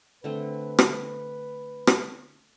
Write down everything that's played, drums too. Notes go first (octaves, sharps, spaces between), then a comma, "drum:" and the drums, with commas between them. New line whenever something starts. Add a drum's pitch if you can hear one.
D3 A3 C4 B4
drum: rim click
drum: rim click